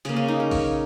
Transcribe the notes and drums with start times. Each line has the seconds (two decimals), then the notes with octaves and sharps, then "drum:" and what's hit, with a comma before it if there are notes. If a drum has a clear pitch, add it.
0.05 C#3 A#3 G#4, drum: hi-hat
0.16 C#4
0.28 D#4
0.40 A#4
0.51 C#5, drum: kick, open hi-hat